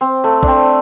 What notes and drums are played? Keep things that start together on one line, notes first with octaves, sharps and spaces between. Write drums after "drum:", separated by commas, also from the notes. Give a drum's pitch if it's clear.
C4
A3
D4, drum: kick
C4